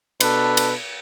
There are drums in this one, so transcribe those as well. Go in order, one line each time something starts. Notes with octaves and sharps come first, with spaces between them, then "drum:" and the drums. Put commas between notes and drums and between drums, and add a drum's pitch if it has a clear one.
B2 D4 A4 B4, drum: cymbal
drum: cymbal